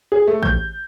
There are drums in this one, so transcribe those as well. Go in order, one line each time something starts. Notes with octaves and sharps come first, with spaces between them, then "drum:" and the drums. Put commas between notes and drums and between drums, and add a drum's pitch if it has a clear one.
G#4
A3
G6, drum: kick A1